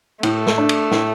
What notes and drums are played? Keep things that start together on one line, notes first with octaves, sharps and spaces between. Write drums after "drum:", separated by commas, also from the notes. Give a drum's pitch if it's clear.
A2 A3, drum: cymbal
drum: snare
D4
drum: cymbal
A2, drum: snare